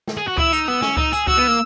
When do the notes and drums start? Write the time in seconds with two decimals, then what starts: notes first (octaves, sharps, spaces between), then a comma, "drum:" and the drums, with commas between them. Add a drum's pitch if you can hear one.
0.08 drum: snare
0.17 G#4
0.28 F#4
0.38 E4 E6, drum: kick C#2
0.53 D#4, drum: hi-hat
0.68 B3 E6
0.82 C#4, drum: snare
0.97 D#4, drum: kick C#2
1.13 G#4, drum: hi-hat
1.27 F#4 E6, drum: kick C#2
1.37 B3
1.48 A#3